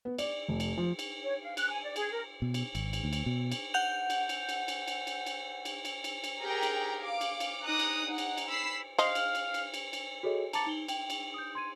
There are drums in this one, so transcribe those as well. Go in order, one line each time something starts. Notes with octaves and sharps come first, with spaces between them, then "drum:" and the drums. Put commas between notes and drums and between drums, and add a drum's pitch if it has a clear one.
B3
D5, drum: cymbal
F1
drum: cymbal
F3
drum: cymbal
C#5
F5
F#6, drum: cymbal
G#5
D5
G#4, drum: cymbal
A#4
B2
drum: cymbal
G#1, drum: cymbal
drum: cymbal
D2
drum: cymbal
B2
drum: cymbal
F#5 G6 F7
drum: cymbal
drum: cymbal
drum: cymbal
drum: cymbal
drum: cymbal
drum: cymbal
drum: cymbal
drum: cymbal
drum: cymbal
drum: cymbal
drum: cymbal
G4 G#4 A#4 G5 A#5
drum: cymbal
F5 D6
drum: cymbal
drum: cymbal
D#4 A#5 D6 D#6 F#6
drum: cymbal
D#4 F#5
drum: cymbal
drum: cymbal
B5 E6 B6 C7
C5 D#5 F5, drum: cymbal
drum: cymbal
drum: cymbal
drum: cymbal
drum: cymbal
drum: cymbal
F#4 G#4 A4 C#5 D#5
A5 A#5 D6 A6 C#7, drum: cymbal
D#4 G7
G5, drum: cymbal
drum: cymbal
D#6 G6
C6 G#6 D#7